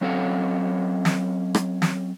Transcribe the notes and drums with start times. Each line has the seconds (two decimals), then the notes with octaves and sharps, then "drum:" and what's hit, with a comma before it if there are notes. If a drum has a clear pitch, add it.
0.01 F#3 C4 C#4 A4 F5 F#5
1.05 drum: snare
1.55 drum: rim click
1.82 drum: snare